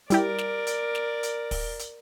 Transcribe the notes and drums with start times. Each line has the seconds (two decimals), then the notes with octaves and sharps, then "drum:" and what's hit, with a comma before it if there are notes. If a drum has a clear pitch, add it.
0.10 G3 E4 G4 A#4 D5, drum: hi-hat
0.38 drum: snare
0.67 drum: hi-hat
0.95 drum: snare
1.23 drum: hi-hat
1.51 drum: kick, open hi-hat
1.79 drum: hi-hat